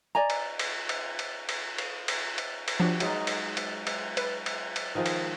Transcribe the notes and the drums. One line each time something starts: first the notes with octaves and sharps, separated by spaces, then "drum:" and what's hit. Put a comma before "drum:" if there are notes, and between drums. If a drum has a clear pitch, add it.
D5 D#5 G#5 A#5
drum: cymbal
drum: cymbal
drum: cymbal
drum: cymbal
drum: cymbal
drum: cymbal
drum: cymbal
drum: cymbal
drum: cymbal
F3 D4 F#4 G4 C#5
F#3 G#3 D#4, drum: cymbal
drum: cymbal
drum: cymbal
drum: cymbal
B4, drum: cymbal
drum: cymbal
drum: cymbal
D#3 F3 G#3
drum: cymbal